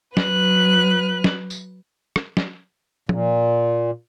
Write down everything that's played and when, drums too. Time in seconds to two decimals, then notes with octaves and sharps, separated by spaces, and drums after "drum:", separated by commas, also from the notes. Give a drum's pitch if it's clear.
0.17 F#3 B4 F#6, drum: snare
1.24 drum: snare
1.50 drum: tambourine
2.16 drum: rim click
2.37 drum: snare
3.09 A#2, drum: tom F3